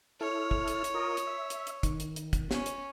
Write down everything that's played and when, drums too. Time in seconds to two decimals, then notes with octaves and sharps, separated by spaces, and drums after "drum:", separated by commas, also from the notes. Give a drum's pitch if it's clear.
0.21 E4 A4 C#5 F6
0.51 drum: kick
0.68 drum: hi-hat
0.84 drum: hi-hat
0.94 F4 A#4 D#5
1.17 drum: hi-hat
1.27 E5
1.50 drum: hi-hat
1.67 drum: hi-hat
1.83 D#3, drum: kick, hi-hat
2.00 drum: hi-hat
2.16 drum: hi-hat
2.33 drum: kick, hi-hat
2.51 C#4, drum: snare
2.66 drum: hi-hat